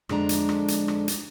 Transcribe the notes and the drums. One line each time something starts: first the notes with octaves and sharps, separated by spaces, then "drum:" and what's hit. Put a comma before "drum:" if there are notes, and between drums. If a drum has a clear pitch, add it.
F2 D3 G#3 D4 A#5, drum: rim click
drum: hi-hat
drum: rim click
drum: hi-hat
drum: rim click
drum: hi-hat